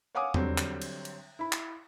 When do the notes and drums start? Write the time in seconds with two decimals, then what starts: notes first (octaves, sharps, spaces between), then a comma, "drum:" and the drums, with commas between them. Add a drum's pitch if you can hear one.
0.15 C#5 F5 F#5 G#5 D6 D#6
0.34 D3 F#3 G3 C4, drum: tom E2
0.58 drum: clap
0.82 drum: cymbal
1.05 drum: cymbal
1.39 E4 B5
1.52 drum: clap